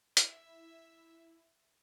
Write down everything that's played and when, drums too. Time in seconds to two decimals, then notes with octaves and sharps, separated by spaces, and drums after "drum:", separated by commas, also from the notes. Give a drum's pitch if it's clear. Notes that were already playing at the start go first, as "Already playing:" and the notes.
0.17 E4 E5, drum: hi-hat